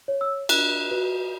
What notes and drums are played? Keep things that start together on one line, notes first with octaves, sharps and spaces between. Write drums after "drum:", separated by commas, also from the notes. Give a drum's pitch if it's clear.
C#5
E6
D4 F#6, drum: cymbal
F#4 B4